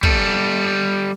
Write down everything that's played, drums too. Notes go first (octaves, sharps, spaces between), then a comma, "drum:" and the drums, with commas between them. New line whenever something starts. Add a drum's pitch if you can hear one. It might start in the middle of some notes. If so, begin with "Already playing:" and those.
G3 A4, drum: kick